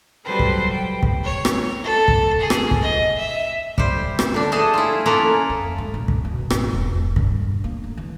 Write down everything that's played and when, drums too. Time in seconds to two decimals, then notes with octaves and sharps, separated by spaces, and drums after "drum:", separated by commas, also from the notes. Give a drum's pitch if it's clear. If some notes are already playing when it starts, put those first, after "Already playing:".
0.25 F#3 G3 A4 B4 C5
0.39 drum: kick
0.73 G5
1.03 drum: kick
1.24 C#5
1.45 drum: rim click
1.84 A4
2.08 drum: kick
2.40 G#4
2.50 drum: rim click
2.71 drum: kick
2.82 D#5
3.18 E5
3.78 G3 C5, drum: kick
4.19 drum: rim click
4.34 D3 D4
4.52 A3 G#4 D#5 G#5 A5
4.74 E4 F4
5.06 A#3 C#4 F4 A4 B4 A#5
5.50 F2
5.78 G#2
5.94 A#1
6.08 drum: kick
6.25 B2
6.50 G#1, drum: rim click
6.74 E1
7.16 G2, drum: kick
7.64 A#3
7.84 A3
7.97 E3